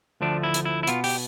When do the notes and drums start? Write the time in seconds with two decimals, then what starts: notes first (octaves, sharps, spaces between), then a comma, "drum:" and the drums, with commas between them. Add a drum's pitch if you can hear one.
0.21 D2 D3 F3 A3 D4
0.43 E4
0.54 drum: hi-hat
0.65 E4
0.83 E4
0.87 B2 B3 F4, drum: hi-hat
1.04 G4, drum: open hi-hat